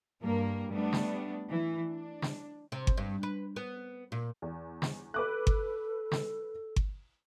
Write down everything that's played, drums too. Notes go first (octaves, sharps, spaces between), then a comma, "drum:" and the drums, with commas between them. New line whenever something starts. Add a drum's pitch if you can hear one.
G2 A#3 A#4
G3 A3 B3 D4
drum: snare
E3
D4
drum: snare
C3
drum: kick G1
G2
B4
B3
A#2
E2
drum: snare
A4 B4 D6 F#6
drum: kick G1
drum: snare
drum: kick G1